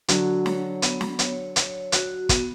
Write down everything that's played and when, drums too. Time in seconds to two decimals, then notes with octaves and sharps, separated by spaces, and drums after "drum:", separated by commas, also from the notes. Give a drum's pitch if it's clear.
0.08 D3 F#3 F#4, drum: hi-hat
0.46 C#5, drum: snare
0.82 B3, drum: hi-hat
1.01 drum: snare
1.19 C#5, drum: hi-hat
1.56 C#5, drum: hi-hat
1.92 F#4, drum: hi-hat
2.29 B3, drum: kick, hi-hat